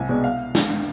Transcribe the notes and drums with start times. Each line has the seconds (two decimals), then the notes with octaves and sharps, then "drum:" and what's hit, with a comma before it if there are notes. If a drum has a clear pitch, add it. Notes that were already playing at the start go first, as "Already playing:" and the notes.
Already playing: C2 G#5
0.09 B2 G#3 B3 D4
0.24 F5
0.55 drum: snare